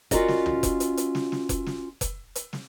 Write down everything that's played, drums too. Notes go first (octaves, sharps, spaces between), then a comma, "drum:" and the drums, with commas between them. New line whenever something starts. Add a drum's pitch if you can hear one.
C#4 F4 F#4 A#4 D5 D#5, drum: kick F1, hi-hat
drum: snare
drum: tom
drum: kick F1, hi-hat
drum: hi-hat
drum: hi-hat
drum: snare
drum: snare
drum: kick F1, hi-hat
drum: snare
drum: kick F1, hi-hat
drum: hi-hat
drum: snare